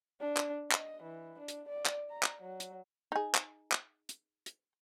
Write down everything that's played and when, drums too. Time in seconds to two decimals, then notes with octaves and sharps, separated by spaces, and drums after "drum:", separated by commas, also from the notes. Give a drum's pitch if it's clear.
0.21 D4
0.37 drum: clap
0.71 D#5, drum: clap
1.03 E3
1.39 D4
1.48 drum: hi-hat
1.69 D5
1.86 drum: clap
2.10 A#5
2.23 drum: clap
2.41 F#3
2.60 drum: hi-hat
3.12 D#4 G#4
3.35 drum: clap
3.72 drum: clap
4.09 drum: hi-hat
4.46 drum: hi-hat